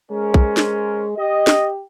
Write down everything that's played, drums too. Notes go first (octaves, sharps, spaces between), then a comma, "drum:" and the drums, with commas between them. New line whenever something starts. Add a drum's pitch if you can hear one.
G#3 C#4 A#4 C5
drum: kick B1
drum: snare
G4 D#5
drum: snare